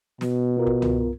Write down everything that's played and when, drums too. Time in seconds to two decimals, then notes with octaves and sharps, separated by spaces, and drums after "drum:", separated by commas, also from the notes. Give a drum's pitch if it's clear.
0.21 B2, drum: snare
0.57 B3 F4 A#4
0.67 drum: kick
0.82 drum: tom C2